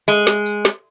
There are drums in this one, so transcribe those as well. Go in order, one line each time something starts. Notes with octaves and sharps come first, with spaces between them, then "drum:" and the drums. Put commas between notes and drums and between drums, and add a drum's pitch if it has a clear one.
G#3, drum: tambourine
drum: snare
drum: tambourine
drum: snare